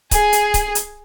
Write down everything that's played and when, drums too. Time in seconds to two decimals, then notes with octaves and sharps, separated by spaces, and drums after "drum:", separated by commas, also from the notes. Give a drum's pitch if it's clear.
0.11 G#4, drum: kick C#1, hi-hat
0.33 drum: hi-hat
0.54 drum: kick C#1, hi-hat
0.75 drum: hi-hat